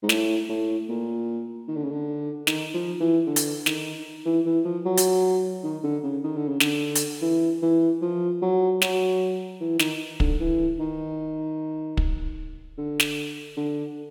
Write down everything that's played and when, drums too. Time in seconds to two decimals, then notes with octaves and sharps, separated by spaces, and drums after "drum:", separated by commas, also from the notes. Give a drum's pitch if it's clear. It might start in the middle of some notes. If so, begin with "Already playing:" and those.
0.03 G#2
0.09 A2, drum: snare
0.49 A2
0.89 A#2
1.68 D#3
1.76 D3
1.84 C#3
1.92 D3
2.47 D#3, drum: snare
2.74 F3
3.00 E3
3.27 D3
3.36 drum: hi-hat
3.66 D#3, drum: snare
4.25 E3
4.45 E3
4.65 F3
4.85 F#3
4.97 drum: hi-hat
5.64 D#3
5.84 D3
6.03 C#3
6.24 D#3
6.36 D3
6.48 C#3
6.60 D3, drum: snare
6.95 drum: hi-hat
7.22 E3
7.62 E3
8.02 F3
8.42 F#3
8.82 F#3, drum: snare
9.61 E3
9.79 D#3, drum: snare
10.20 D3, drum: kick
10.40 E3
10.79 D#3
11.97 drum: kick
12.78 D3
13.00 drum: snare
13.57 D3